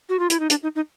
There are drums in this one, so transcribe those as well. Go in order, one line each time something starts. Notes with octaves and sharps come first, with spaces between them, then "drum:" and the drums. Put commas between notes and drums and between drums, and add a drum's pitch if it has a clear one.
F#4
F4
E4, drum: hi-hat
D#4
D4, drum: hi-hat
D#4
D#4